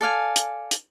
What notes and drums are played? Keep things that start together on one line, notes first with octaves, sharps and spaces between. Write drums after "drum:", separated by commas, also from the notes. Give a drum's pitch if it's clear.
A4 D5 F5 G#5
drum: hi-hat
drum: hi-hat